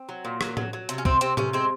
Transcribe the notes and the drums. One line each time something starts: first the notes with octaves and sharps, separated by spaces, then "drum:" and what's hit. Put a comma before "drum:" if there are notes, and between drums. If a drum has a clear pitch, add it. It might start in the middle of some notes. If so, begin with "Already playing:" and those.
Already playing: C4
F#3
A#2
F#3, drum: rim click
F#3, drum: tom A2
F#3
C3, drum: hi-hat
C#4
C3 C4, drum: kick
C3 C4, drum: hi-hat
C3 C#4, drum: tom A2
G#3 C4